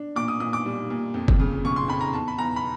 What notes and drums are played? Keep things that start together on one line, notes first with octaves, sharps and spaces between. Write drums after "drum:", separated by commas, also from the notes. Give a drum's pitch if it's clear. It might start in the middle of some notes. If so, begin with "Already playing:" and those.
Already playing: D4
A#2 D6
D#6
A#2 D#6
D6
G3
A#2
F2
drum: kick
C#3
C#3 C#6
C6
F2 B5
A#5
E2 A5
B5
E2 A#5
B5